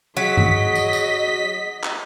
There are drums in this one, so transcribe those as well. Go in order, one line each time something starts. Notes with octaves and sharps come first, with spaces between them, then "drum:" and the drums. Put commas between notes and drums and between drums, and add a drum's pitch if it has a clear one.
F#3 G#4 D#5 B6
drum: tom G2
drum: tambourine
drum: tambourine
drum: clap